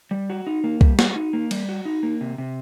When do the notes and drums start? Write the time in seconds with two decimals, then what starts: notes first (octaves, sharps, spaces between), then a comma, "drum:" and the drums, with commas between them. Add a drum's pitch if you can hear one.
0.11 G3
0.30 F#4
0.47 D#4
0.64 A#3
0.81 G3, drum: kick C2
0.99 F#4, drum: snare
1.16 D#4
1.33 A#3
1.51 G3, drum: cymbal
1.69 F#4
1.85 D#4
2.03 A#3
2.21 C3
2.38 C3